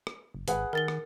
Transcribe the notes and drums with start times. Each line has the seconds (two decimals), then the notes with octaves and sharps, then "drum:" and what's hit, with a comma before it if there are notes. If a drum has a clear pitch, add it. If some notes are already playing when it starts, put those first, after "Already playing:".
0.07 drum: rim click
0.35 F#1
0.48 G#1 G#4 B4 F#5, drum: hi-hat
0.73 D#3 A#4 A6 G7
0.88 drum: rim click